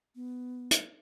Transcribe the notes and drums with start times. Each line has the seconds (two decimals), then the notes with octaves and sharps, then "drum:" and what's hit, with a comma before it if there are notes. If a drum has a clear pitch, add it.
0.16 B3
0.71 drum: hi-hat